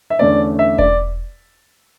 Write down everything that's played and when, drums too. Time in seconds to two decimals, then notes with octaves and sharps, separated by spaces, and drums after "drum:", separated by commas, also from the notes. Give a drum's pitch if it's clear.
0.10 E5
0.19 E2 D3 A3 C#4 D5
0.59 E5
0.78 D5, drum: kick E1